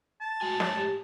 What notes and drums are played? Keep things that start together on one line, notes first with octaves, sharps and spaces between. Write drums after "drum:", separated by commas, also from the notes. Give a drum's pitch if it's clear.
A5
A2 G#3 F#4 G#5
C#5, drum: snare
G4